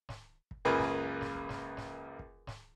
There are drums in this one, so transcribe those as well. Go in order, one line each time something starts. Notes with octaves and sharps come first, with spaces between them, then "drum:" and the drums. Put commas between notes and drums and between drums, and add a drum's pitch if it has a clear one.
drum: snare
drum: kick
C#2 F#2 A#3 F4 G#4 B4
drum: snare
drum: snare
drum: kick
drum: snare
drum: snare
drum: kick
drum: snare